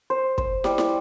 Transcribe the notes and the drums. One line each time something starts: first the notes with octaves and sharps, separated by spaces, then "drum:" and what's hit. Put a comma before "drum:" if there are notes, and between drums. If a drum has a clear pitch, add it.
C5
C5, drum: kick
G3, drum: snare
drum: snare